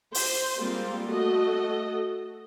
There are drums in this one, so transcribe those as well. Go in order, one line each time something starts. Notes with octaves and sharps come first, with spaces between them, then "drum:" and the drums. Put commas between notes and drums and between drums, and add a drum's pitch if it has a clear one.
C5, drum: open hi-hat
G3 G#3 A#3 C4 F4
A3 F#4 A4 D#5